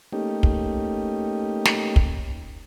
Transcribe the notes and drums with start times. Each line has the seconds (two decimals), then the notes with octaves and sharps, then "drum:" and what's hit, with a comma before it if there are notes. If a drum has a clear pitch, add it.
0.13 A3 A#3 C#4 D#4 G4
0.43 drum: kick
1.65 drum: snare
1.96 drum: kick